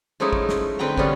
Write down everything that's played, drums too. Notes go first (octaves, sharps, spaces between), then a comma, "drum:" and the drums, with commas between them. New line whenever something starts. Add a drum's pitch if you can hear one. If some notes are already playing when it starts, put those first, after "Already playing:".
F3 G#3 A3 C#4 D#4 E4
drum: kick
drum: snare
D3 C4 B4 G5 A#5
D3 F3 G3 B3 C#4 D4, drum: kick